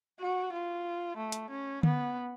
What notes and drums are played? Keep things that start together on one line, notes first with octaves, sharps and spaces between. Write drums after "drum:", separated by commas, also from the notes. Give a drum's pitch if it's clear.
F#4
F4
A3
drum: hi-hat
C#4
B3, drum: tom D3